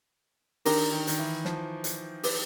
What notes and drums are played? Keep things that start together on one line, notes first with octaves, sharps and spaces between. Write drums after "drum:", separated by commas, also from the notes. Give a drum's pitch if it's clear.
D#3 D4 G4 A#4, drum: open hi-hat
D#3
D#3, drum: hi-hat
E3
F3, drum: snare
drum: hi-hat
G4 B4 D5, drum: open hi-hat